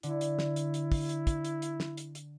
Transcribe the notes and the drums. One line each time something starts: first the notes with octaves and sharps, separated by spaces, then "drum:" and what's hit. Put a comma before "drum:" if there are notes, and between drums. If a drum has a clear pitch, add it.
D3 E4, drum: hi-hat
drum: hi-hat
drum: snare
drum: hi-hat
drum: hi-hat
drum: kick, open hi-hat
drum: hi-hat
drum: kick, hi-hat
drum: hi-hat
drum: hi-hat
drum: snare
drum: hi-hat
drum: hi-hat